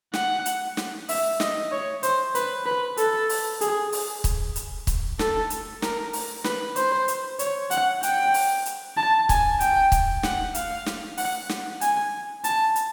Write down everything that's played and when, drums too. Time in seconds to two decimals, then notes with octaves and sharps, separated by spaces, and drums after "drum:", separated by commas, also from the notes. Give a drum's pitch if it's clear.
0.13 F#5, drum: snare
0.46 drum: hi-hat
0.77 drum: snare
1.09 E5, drum: open hi-hat
1.40 D#5, drum: snare
1.72 C#5
2.03 C5, drum: hi-hat
2.35 B4, drum: hi-hat
2.66 B4
2.97 A4, drum: hi-hat
3.29 drum: open hi-hat
3.61 G#4, drum: hi-hat
3.92 drum: open hi-hat
4.24 drum: kick, hi-hat
4.56 drum: hi-hat
4.87 drum: kick, hi-hat
5.19 A4, drum: snare
5.50 drum: hi-hat
5.82 A#4, drum: snare
6.13 drum: open hi-hat
6.44 B4, drum: snare
6.76 C5, drum: hi-hat
7.08 drum: hi-hat
7.39 C#5, drum: hi-hat
7.71 F#5, drum: hi-hat
8.03 G5, drum: hi-hat
8.34 drum: open hi-hat
8.66 drum: hi-hat
8.97 A5
9.29 G#5, drum: kick, hi-hat
9.60 G5, drum: hi-hat
9.92 drum: kick, hi-hat
10.23 F#5, drum: snare
10.55 F5, drum: hi-hat
10.86 drum: snare
11.17 F#5, drum: open hi-hat
11.49 drum: snare
11.81 G#5, drum: hi-hat
12.44 A5, drum: hi-hat
12.76 drum: hi-hat